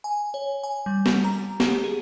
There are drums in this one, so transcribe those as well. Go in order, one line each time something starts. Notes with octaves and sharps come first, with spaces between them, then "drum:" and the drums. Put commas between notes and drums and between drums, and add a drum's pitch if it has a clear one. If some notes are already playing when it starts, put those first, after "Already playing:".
G#5
C#5
G#5
G3
drum: snare
A#5
G4, drum: snare
G#4